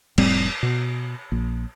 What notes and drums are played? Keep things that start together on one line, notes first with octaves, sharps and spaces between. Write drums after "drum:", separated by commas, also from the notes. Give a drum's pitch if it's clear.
F1 A2 G3 C4, drum: cymbal
B2
A#1